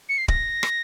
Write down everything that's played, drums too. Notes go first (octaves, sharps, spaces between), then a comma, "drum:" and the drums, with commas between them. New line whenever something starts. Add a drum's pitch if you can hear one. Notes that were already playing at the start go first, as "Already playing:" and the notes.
C#7
C7
A#6, drum: kick D1
drum: rim click